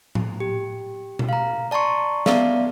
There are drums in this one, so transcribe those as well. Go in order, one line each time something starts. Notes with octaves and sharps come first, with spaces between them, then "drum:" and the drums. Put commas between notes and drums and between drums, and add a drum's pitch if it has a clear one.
drum: tom A2
G4
drum: tom B2
F5 A#5
D5 A5 A#5 C6 C#6
B3 D5 E5 F5, drum: snare